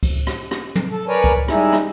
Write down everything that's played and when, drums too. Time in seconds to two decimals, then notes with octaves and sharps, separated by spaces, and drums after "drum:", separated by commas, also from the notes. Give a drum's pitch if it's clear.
0.03 drum: kick C#2, cymbal
0.27 drum: rim click
0.51 drum: rim click
0.75 drum: tom
0.91 A4
1.08 A#4 B4 C#5 D5 G#5
1.24 drum: kick C#2
1.48 G3 G#3 D#4 E4 G#4, drum: rim click
1.73 drum: rim click